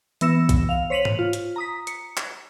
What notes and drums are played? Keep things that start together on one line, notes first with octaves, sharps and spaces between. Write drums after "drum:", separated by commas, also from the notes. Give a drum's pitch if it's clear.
E3 B3 E6 A#6 C#7 E7, drum: hi-hat
drum: kick, hi-hat
F5 F7
C5 C#5 B6 D#7 F7 F#7
drum: tom G#2
F4
drum: hi-hat
A#5 D#6 B6
C#7, drum: hi-hat
drum: clap